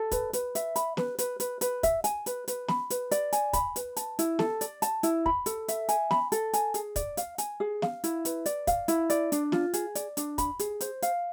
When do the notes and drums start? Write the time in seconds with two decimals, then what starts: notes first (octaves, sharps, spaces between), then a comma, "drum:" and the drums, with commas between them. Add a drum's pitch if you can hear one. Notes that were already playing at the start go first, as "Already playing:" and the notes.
Already playing: A4
0.11 B4, drum: kick, hi-hat
0.33 B4, drum: hi-hat
0.55 E5, drum: hi-hat
0.76 B5, drum: hi-hat
0.97 B4, drum: snare
1.19 B4, drum: hi-hat
1.40 B4, drum: hi-hat
1.61 B4, drum: hi-hat
1.83 E5, drum: kick, hi-hat
2.04 G#5, drum: hi-hat
2.26 B4, drum: hi-hat
2.48 B4, drum: hi-hat
2.68 B5, drum: snare
2.90 B4, drum: hi-hat
3.11 D5, drum: hi-hat
3.33 G#5, drum: hi-hat
3.53 B5, drum: kick, hi-hat
3.76 B4, drum: hi-hat
3.96 A5, drum: hi-hat
4.19 E4, drum: hi-hat
4.39 A4, drum: snare
4.61 D5, drum: hi-hat
4.82 A5, drum: hi-hat
5.03 E4, drum: hi-hat
5.26 B5, drum: kick
5.46 A4, drum: hi-hat
5.68 E5, drum: hi-hat
5.89 G#5, drum: hi-hat
6.11 B5, drum: snare
6.32 A4, drum: hi-hat
6.53 G#5, drum: hi-hat
6.74 G#4, drum: hi-hat
6.96 D5, drum: kick, hi-hat
7.17 F5, drum: hi-hat
7.38 G#5, drum: hi-hat
7.60 G#4
7.82 F5, drum: snare
8.04 E4, drum: hi-hat
8.25 B4, drum: hi-hat
8.46 D5, drum: hi-hat
8.67 F5, drum: kick, hi-hat
8.88 E4, drum: hi-hat
9.10 D5, drum: hi-hat
9.32 D4, drum: hi-hat
9.52 F4, drum: snare
9.74 G#4, drum: hi-hat
9.95 D5, drum: hi-hat
10.17 D4, drum: hi-hat
10.38 B5, drum: kick, hi-hat
10.59 G#4, drum: hi-hat
10.81 C5, drum: hi-hat
11.02 F5, drum: hi-hat